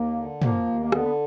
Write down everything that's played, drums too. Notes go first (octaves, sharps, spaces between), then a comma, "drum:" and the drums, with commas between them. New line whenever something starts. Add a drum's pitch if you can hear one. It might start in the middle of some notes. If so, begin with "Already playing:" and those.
Already playing: D#2 A#3
D3
F3 A#3, drum: tom
D#2
A#3
D3 B3, drum: rim click
B3